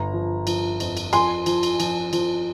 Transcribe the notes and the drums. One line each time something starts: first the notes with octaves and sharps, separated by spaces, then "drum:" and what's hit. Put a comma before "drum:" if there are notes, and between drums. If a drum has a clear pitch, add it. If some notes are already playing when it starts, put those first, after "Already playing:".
Already playing: G1 A#5
F3
F3, drum: cymbal
F2, drum: cymbal
drum: cymbal
F3 G#5 C6, drum: cymbal
F3, drum: cymbal
drum: cymbal
F3, drum: cymbal
F3, drum: cymbal